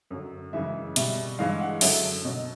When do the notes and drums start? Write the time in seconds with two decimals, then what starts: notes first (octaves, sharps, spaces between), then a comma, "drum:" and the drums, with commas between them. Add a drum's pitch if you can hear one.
0.11 F#2 D3 F#3
0.53 F#2 C#3 E3 G#3 E5
0.96 B2 G3 E5, drum: hi-hat
1.39 G2 E3 G#3 F5
1.61 F#5
1.81 F#2 D3 F#3 E5, drum: open hi-hat
2.25 B2 F#3 D#5